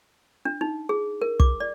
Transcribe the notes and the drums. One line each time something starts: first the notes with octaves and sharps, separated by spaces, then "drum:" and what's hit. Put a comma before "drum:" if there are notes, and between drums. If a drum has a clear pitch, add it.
D4
D#4
G#4
A#4
D6, drum: kick
D5